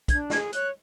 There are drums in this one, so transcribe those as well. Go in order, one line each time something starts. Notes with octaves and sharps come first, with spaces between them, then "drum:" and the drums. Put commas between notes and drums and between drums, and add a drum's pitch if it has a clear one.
D4 G#6, drum: kick, hi-hat
G#4 G#6, drum: snare
C#5 F#6, drum: hi-hat